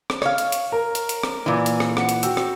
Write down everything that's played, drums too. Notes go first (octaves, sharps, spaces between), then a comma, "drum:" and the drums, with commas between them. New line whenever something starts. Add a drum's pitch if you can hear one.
drum: rim click
C#5 F5, drum: rim click
drum: hi-hat
drum: hi-hat
A#4
drum: hi-hat
drum: hi-hat
drum: rim click
A#2 E3
drum: hi-hat
drum: rim click
F#5 C#7, drum: rim click
drum: hi-hat
F#4 G5 E6, drum: hi-hat
drum: rim click